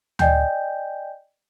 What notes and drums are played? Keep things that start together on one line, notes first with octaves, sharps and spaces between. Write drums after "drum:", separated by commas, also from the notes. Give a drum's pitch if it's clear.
D5 D#5 G5 G#5 G6, drum: tom D2